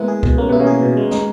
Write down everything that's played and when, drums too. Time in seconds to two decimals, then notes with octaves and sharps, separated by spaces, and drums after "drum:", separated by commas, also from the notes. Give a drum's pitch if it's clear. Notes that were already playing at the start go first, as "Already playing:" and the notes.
Already playing: G#3 A#3 B3 E4
0.08 G#4
0.23 B2, drum: kick C2
0.37 A#3 C#4
0.49 B3 E4
0.59 A#3 C#4
0.67 G#4
0.82 B2
0.97 G#3
1.11 D#4, drum: snare